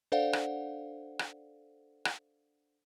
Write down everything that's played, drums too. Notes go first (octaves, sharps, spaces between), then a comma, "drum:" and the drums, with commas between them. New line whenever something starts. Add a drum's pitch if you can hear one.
D4 A4 C5 D5 F5 F#5
drum: rim click
drum: rim click
drum: rim click